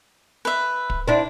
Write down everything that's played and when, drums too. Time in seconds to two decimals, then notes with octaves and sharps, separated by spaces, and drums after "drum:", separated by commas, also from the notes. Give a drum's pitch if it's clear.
0.45 B4 E5
0.90 drum: kick
1.08 C4 D4 E4